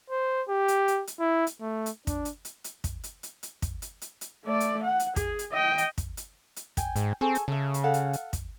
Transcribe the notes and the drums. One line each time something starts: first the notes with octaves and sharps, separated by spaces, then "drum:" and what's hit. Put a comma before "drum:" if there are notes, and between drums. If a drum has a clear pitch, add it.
C5
G4
drum: hi-hat
drum: hi-hat
drum: hi-hat
E4
drum: hi-hat
A3
drum: hi-hat
D4, drum: kick, hi-hat
drum: hi-hat
drum: hi-hat
drum: hi-hat
drum: kick, hi-hat
drum: hi-hat
drum: hi-hat
drum: hi-hat
drum: kick, hi-hat
drum: hi-hat
drum: hi-hat
drum: hi-hat
A3 D5
drum: hi-hat
F#5
drum: hi-hat
G#4, drum: kick, hi-hat
drum: hi-hat
D#5 G5
drum: hi-hat
drum: kick, hi-hat
drum: hi-hat
drum: hi-hat
G5 G#5, drum: kick, hi-hat
G#2, drum: hi-hat
C4 G#4 A4 C#6
drum: hi-hat
C#3 A4 E5
drum: hi-hat
A4 F5 F#5
drum: hi-hat
drum: hi-hat
drum: kick, hi-hat